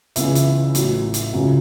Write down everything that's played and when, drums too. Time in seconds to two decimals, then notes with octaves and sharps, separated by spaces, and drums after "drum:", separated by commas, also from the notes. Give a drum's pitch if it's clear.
0.16 C#2 C#3 E3 E5, drum: hi-hat
0.35 drum: hi-hat
0.75 A1 A2 F#3, drum: hi-hat
1.14 drum: hi-hat
1.33 C#2 C#3 F#3